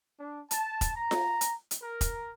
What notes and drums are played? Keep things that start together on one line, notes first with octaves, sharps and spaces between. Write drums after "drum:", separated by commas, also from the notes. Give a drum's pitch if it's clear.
D4
A5, drum: hi-hat
drum: kick, hi-hat
A#5
drum: snare F4
drum: hi-hat
drum: hi-hat
A#4
drum: kick, hi-hat